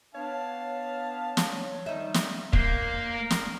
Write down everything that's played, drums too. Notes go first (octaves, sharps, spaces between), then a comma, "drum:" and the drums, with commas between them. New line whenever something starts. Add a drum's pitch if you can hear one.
B3 D4 C#5 F5 A5
drum: snare
D#3 G3 D#4 E5
drum: snare
A#3 D4 C5, drum: kick
A#4
drum: snare